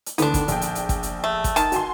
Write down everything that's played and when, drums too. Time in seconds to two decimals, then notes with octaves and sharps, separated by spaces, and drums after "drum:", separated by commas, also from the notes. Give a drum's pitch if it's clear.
0.06 drum: hi-hat
0.18 D2 D3 D#3 B3 D4, drum: hi-hat
0.34 drum: kick, hi-hat
0.48 A#1 G5, drum: hi-hat
0.62 drum: hi-hat
0.75 drum: hi-hat
0.89 drum: kick, hi-hat
1.03 drum: hi-hat
1.24 A3
1.44 drum: kick, hi-hat
1.56 D#3 A5, drum: hi-hat
1.72 F#4 G#5 C6, drum: hi-hat